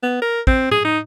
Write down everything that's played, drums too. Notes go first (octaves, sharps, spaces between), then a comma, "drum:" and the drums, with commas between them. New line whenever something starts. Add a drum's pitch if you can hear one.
B3
A#4
C4, drum: kick
G#4, drum: tom A2
D#4